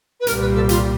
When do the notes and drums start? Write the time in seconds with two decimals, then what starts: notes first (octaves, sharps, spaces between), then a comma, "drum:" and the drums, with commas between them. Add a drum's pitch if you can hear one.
0.20 B4
0.27 C2 A#2 G3 A#4, drum: hi-hat
0.41 B4
0.55 A4
0.69 F4, drum: hi-hat